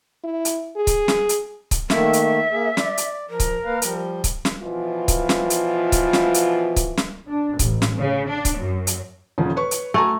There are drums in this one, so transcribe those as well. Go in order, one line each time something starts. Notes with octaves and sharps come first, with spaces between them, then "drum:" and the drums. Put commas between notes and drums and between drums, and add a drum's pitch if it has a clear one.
E4
drum: hi-hat
G#4
drum: kick C#1, hi-hat
drum: snare
drum: hi-hat
drum: kick C#1, hi-hat
D#3 A3 A#3 E5, drum: snare
drum: hi-hat
A#3 G#4
D5, drum: snare
drum: hi-hat
F3 A#4
drum: kick C#1, hi-hat
A#3 B4 F5
F3 G3, drum: hi-hat
drum: kick C#1, hi-hat
drum: snare
B2 E3 F3 F4
drum: kick C#1, hi-hat
drum: snare
drum: hi-hat
drum: kick C#1, hi-hat
drum: snare
drum: hi-hat
drum: kick C#1, hi-hat
drum: snare
D4
A1, drum: kick C#1, hi-hat
drum: snare
C#3
D4
drum: kick C#1, hi-hat
F#2
drum: hi-hat
D#1 C#3 F3
B4 C#5 C#6
drum: hi-hat
A3 F#4 G#5 A#5